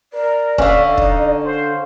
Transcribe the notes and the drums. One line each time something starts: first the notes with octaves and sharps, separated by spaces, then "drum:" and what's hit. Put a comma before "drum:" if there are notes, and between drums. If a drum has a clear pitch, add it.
A#4 D5
D3 C#4 D4 E5 F5, drum: kick
D#4, drum: kick
C5